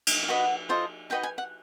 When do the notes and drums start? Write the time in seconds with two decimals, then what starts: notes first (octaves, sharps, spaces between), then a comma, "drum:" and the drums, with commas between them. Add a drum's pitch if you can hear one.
0.07 drum: cymbal
0.23 F5
0.28 F#4 B4 D#5 F#5
0.69 F4 A4 C5 D#5
1.10 D#4 F#4 B4 D#5 G5
1.23 G#5
1.38 F#5